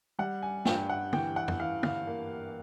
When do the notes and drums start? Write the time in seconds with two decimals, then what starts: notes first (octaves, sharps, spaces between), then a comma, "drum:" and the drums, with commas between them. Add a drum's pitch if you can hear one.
0.19 G3 F#5
0.43 G#5
0.65 G2 G5, drum: snare
0.90 F#5
1.13 E3 G5, drum: tom
1.36 F#5
1.48 drum: tom F2
1.60 E3 F5
1.83 F5, drum: tom
2.07 A#3